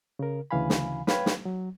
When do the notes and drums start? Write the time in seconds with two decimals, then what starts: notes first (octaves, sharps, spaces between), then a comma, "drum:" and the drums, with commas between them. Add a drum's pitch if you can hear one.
0.19 C#3 A#4
0.51 D2 C#3 E3 F5 G#5 B5
0.70 drum: snare
1.07 B4 C#5 F5 G5 B5 G#6, drum: snare
1.26 drum: snare
1.45 F#3